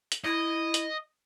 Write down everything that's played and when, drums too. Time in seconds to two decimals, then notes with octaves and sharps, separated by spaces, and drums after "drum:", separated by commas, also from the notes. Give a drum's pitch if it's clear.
0.12 drum: hi-hat
0.24 E4 D#5
0.74 drum: hi-hat